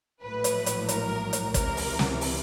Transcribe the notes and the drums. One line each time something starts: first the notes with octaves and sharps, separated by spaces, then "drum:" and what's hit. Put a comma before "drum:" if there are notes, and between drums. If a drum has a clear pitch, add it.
A#1 A2 F#3 B4
drum: hi-hat
drum: hi-hat
A#4, drum: hi-hat
drum: hi-hat
C#2 C3 E3 A#4, drum: kick, hi-hat
drum: open hi-hat
drum: snare
drum: open hi-hat